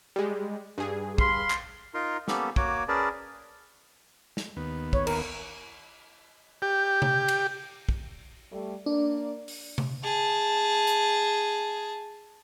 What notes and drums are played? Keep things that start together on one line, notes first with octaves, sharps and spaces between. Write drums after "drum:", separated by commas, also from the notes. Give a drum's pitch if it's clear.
G3 G#3
G2 G#4
F5 B5 C6, drum: kick
drum: clap
D#4 F4 A#4 C6
A#3 B3 C#4 G4 A4, drum: snare
A#3 F#4 C#5 D6, drum: kick
C#4 G#4 A#4 B4 D5 A5
drum: snare
D#2 B3
C#5, drum: kick
A#4, drum: cymbal
G4
drum: tom C3
drum: cymbal
drum: kick
G3 A3
A#3 D4 D5
drum: open hi-hat
drum: tom C3
G#4 A5
drum: hi-hat